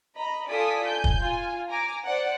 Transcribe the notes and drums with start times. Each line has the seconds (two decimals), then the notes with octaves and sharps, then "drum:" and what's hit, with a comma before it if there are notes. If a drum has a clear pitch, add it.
0.16 D#5 A#5 B5
0.49 F4 A4 D5 G#5 D#6 B6
0.86 G#5 G6
1.04 drum: kick
1.21 F4 G#5
1.69 G#5 A#5 D6
2.04 C5 D5 F#5